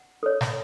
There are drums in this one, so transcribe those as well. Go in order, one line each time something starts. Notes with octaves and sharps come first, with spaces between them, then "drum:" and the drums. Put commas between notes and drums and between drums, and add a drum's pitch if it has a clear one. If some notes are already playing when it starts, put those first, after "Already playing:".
Already playing: F#5
A4 C#5
drum: snare